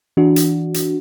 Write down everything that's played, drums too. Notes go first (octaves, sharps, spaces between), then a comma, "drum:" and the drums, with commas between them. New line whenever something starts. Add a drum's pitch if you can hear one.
E3 D4 F#4
drum: hi-hat
drum: hi-hat